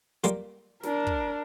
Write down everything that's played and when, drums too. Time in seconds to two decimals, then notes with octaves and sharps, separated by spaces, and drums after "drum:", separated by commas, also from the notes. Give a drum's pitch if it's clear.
0.24 G3 A#3 F4, drum: hi-hat
0.83 D4 A#4, drum: snare
1.07 drum: kick